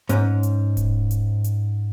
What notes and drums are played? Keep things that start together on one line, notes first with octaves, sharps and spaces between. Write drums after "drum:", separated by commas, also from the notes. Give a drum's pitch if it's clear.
G#2 C#4, drum: hi-hat
drum: hi-hat
drum: kick D#1, hi-hat
drum: hi-hat
drum: hi-hat